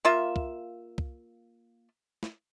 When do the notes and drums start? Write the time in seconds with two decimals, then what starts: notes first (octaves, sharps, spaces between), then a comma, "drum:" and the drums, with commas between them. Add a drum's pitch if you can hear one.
0.05 A#3 F4 E5
0.36 drum: kick
0.98 drum: kick
2.23 drum: snare